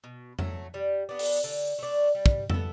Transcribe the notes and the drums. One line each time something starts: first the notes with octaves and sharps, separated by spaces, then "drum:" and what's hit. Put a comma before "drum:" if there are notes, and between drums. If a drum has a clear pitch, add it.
B2
F#3 A3, drum: tom F2
G3
B3 D4
drum: open hi-hat
D3
A3 D4
G3
drum: kick
B3 E4 A4, drum: tom F2